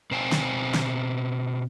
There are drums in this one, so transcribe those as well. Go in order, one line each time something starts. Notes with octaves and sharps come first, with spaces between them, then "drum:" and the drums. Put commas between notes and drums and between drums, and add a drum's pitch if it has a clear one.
B2 C4 C5 F5 G5 G#5
drum: snare
drum: snare